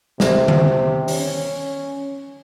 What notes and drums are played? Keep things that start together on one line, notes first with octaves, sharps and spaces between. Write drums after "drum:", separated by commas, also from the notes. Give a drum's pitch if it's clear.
C3, drum: snare
drum: tom D3
C#4, drum: open hi-hat